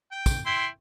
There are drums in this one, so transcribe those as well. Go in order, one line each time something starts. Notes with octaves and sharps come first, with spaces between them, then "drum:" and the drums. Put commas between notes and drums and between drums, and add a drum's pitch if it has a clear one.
G5
drum: kick, tambourine
E4 G5 C6